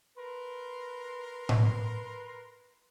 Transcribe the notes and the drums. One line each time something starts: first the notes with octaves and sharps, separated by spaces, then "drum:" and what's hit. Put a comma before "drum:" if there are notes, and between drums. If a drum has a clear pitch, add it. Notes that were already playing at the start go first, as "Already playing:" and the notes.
A#4 B4 C6
drum: tom A2